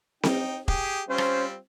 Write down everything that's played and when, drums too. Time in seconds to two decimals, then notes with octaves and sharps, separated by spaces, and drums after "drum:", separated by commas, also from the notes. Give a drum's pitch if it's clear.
0.23 D#4 G5, drum: snare C4
0.68 G4 G#4, drum: kick E1
1.09 G3 C4 C#4 F4 C5
1.18 drum: rim click